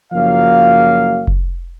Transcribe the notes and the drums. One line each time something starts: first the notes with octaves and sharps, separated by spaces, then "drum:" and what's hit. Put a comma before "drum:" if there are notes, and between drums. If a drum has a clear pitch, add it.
F#1 F3 F#3 A#3 F5
drum: kick F1